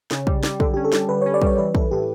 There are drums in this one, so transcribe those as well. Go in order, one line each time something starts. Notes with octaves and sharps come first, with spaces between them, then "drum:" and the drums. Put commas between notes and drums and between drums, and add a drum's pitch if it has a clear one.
C#3, drum: snare
G3, drum: kick
G3, drum: snare
D3 A4, drum: kick
C#4 G4
A4
G3, drum: snare
D3 B4
C#4 C#5
D5
G3 C#5, drum: kick
E3 B4
E3 A4, drum: kick
A2 G4